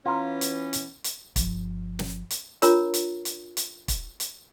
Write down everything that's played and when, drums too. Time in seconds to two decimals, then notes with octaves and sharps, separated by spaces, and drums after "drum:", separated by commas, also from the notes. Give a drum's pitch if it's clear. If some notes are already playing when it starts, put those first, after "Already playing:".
0.06 E3 B3 C#4 F4 A#5
0.41 drum: hi-hat
0.73 drum: hi-hat
1.04 drum: hi-hat
1.36 G1 F3, drum: kick, hi-hat
1.99 drum: snare
2.30 drum: hi-hat
2.62 D4 F4 A#4 C#5 A#5, drum: hi-hat
2.94 drum: hi-hat
3.25 drum: hi-hat
3.57 drum: hi-hat
3.88 drum: kick, hi-hat
4.20 drum: hi-hat